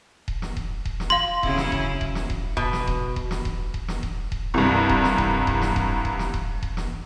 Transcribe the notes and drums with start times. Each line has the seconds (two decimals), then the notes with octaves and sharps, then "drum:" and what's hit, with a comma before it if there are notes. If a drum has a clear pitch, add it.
0.28 drum: kick D#1
0.42 drum: snare
0.57 drum: kick D#1
0.85 drum: kick D#1
1.00 drum: snare
1.10 F5 C6
1.43 C#3 F#3 E4, drum: kick D#1
1.58 drum: snare
1.72 drum: kick D#1
2.01 drum: kick D#1
2.15 drum: snare
2.30 drum: kick D#1
2.57 B2, drum: kick D#1
2.73 drum: snare
2.87 drum: kick D#1
3.16 drum: kick D#1
3.31 drum: snare
3.45 drum: kick D#1
3.74 drum: kick D#1
3.88 drum: snare
4.03 drum: kick D#1
4.32 drum: kick D#1
4.54 C2 G2
4.89 drum: kick D#1
5.04 drum: snare
5.18 drum: kick D#1
5.47 drum: kick D#1
5.62 drum: snare
5.76 drum: kick D#1
6.05 drum: kick D#1
6.19 drum: snare
6.34 drum: kick D#1
6.63 drum: kick D#1
6.77 drum: snare